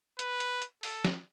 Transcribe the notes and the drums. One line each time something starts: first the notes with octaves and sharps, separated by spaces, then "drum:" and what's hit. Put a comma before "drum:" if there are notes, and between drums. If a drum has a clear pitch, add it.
B4, drum: hi-hat
drum: hi-hat
drum: hi-hat
A4, drum: open hi-hat
drum: snare